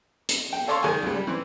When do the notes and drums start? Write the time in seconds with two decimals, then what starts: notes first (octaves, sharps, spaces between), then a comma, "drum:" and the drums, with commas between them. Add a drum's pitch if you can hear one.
0.29 drum: hi-hat
0.53 G5
0.67 A4 C#5 D5 F5 C6 C#6
0.83 D#3 G#3 D5 G#5
1.03 C#2 G#3
1.14 G3
1.27 E3 C4